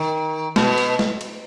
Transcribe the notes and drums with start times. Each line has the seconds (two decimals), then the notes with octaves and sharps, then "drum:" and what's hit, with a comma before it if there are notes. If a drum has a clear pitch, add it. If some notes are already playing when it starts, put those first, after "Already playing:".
Already playing: D#3
0.56 B2, drum: snare
0.78 drum: cymbal
0.99 drum: snare
1.21 drum: cymbal